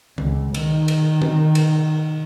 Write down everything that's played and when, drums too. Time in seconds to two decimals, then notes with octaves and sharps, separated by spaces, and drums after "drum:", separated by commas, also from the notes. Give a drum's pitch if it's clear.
0.18 C#2, drum: tom
0.54 D#3, drum: cymbal
0.88 drum: cymbal
1.22 drum: tom
1.55 drum: cymbal